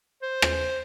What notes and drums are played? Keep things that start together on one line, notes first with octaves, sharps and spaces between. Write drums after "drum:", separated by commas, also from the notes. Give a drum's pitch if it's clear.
C5
drum: rim click